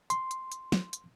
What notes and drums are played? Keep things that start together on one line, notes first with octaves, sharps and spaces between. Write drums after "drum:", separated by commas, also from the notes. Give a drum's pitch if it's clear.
C6, drum: hi-hat
drum: hi-hat
drum: hi-hat
drum: snare
drum: hi-hat